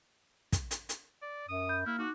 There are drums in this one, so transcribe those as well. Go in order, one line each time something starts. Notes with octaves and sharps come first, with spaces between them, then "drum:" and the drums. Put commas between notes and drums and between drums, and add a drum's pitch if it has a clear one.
drum: kick, hi-hat
drum: hi-hat
drum: hi-hat
D5
F#2 D#6
B5 G6
A#3 E4 F6
D#4 F#4 D6 F#6